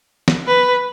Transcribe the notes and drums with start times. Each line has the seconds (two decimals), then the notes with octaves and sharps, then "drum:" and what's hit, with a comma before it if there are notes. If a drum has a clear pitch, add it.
0.28 drum: snare
0.47 B4